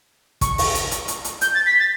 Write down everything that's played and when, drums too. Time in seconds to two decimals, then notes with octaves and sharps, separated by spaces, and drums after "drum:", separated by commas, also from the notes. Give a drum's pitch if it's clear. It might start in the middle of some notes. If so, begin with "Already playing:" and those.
0.41 C#6, drum: kick, hi-hat
0.58 drum: open hi-hat
0.75 drum: hi-hat
0.91 drum: hi-hat
1.08 drum: hi-hat
1.24 drum: hi-hat
1.41 G6, drum: hi-hat
1.54 A6
1.66 B6
1.79 A6